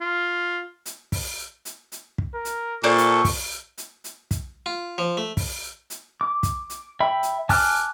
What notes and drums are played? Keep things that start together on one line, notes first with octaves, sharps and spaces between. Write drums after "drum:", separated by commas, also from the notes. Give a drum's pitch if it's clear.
F4
drum: hi-hat
drum: kick, open hi-hat
drum: hi-hat
drum: hi-hat
drum: kick
A#4
drum: hi-hat
A#2 A4 C5 D5 C#6
drum: hi-hat
drum: kick, open hi-hat
drum: hi-hat
drum: hi-hat
drum: kick, hi-hat
F4
F3
A3
drum: kick, open hi-hat
drum: hi-hat
D6
drum: kick, hi-hat
drum: hi-hat
E5 G5 B5
drum: hi-hat
G#5 A5 D6 F6 F#6, drum: kick, open hi-hat